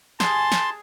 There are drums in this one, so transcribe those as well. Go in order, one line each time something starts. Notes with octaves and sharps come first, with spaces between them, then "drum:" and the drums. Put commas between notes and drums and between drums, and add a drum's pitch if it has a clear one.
G#4 G#5 A5 C6, drum: snare
drum: snare